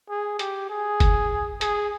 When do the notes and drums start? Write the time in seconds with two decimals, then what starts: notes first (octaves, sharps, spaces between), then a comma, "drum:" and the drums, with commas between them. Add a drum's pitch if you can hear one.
0.10 G#4
0.39 G4, drum: hi-hat
0.70 G#4
1.00 drum: kick F#1, hi-hat
1.61 G#4, drum: hi-hat